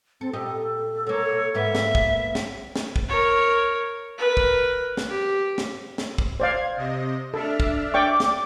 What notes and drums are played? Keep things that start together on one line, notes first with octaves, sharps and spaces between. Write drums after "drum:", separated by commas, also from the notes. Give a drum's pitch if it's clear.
C4 A4
A#2 G4 A4 D#5
B2 A#3 C#5
G#2 A#3 B3 E5
drum: snare
drum: kick
drum: snare
drum: snare
drum: kick
A#4 C#5
A#4 B4
drum: kick
drum: snare
G4
drum: snare
drum: snare
drum: kick
C5 D5 F5 G#6
C3 D#5
D4 A4 E5 F6
drum: kick
D5 G5 C#6 D6
drum: snare